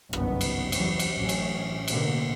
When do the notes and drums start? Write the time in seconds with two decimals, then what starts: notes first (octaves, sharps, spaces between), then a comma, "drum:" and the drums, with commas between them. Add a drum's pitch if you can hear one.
0.13 F#1 C2 G2 D#3 B3, drum: rim click
0.41 drum: cymbal
0.72 E2 E3 F#3 G3, drum: cymbal
0.99 drum: cymbal
1.16 A1 F#3 C#4
1.29 drum: cymbal
1.88 A1 B2 D3 A#3, drum: cymbal